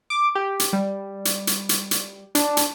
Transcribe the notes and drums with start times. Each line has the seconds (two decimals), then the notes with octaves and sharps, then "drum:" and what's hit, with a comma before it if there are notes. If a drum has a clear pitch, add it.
0.10 D6
0.35 G4
0.60 drum: hi-hat
0.73 G3
1.25 drum: hi-hat
1.47 drum: hi-hat
1.69 drum: hi-hat
1.91 drum: hi-hat
2.35 D4, drum: hi-hat
2.57 drum: hi-hat